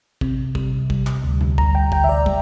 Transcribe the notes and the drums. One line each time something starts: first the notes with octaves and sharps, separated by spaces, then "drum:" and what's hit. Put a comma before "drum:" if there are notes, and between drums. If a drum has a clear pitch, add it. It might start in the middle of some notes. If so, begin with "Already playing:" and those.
C3, drum: kick
G3, drum: kick
G3, drum: kick
drum: clap
D2
drum: tom F2
D2 A#5, drum: kick
G5
D2 G5, drum: kick
E5
D5
G3, drum: kick